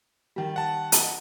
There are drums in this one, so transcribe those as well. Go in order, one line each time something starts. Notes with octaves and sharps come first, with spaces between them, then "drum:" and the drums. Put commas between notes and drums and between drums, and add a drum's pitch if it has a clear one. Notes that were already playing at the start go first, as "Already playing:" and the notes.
D#3 G3
F#5 A5
drum: hi-hat